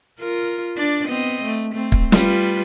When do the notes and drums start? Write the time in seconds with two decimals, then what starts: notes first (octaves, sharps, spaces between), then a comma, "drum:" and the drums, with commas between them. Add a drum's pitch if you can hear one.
0.20 F4 A#4
0.77 D4 D5
1.07 B3 C4 D#5
1.44 A3
1.74 A3 C4
1.92 drum: kick
2.12 G3 F4 B4, drum: snare